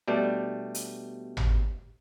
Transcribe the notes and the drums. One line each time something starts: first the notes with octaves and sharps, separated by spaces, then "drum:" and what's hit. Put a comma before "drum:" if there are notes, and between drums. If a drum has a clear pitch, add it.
B2 G3 A3 D4
drum: hi-hat
drum: tom G#1